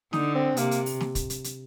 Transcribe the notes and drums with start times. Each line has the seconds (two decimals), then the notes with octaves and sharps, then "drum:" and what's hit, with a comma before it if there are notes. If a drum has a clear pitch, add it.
0.13 D3 D#4, drum: snare
0.35 C4
0.57 C3 A#3, drum: hi-hat
0.71 drum: hi-hat
0.86 drum: open hi-hat
1.01 drum: snare
1.15 drum: kick, hi-hat
1.30 drum: hi-hat
1.44 drum: hi-hat